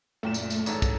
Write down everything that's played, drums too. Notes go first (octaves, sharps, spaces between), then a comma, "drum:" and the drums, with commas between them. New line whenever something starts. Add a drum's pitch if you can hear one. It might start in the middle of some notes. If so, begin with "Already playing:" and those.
F#1 A#2 A3 E7
drum: tambourine
drum: tambourine
A1 G#2 A4, drum: tambourine
drum: kick, tambourine